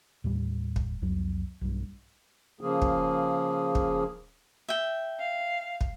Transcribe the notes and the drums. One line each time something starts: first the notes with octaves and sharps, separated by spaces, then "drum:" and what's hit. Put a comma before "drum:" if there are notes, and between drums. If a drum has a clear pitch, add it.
D#2 A2 G3
drum: kick
C2 F2 F#3
B1 G2
C#3 F3 A#3 G#4
drum: kick
drum: kick
E5 G5
F5
drum: kick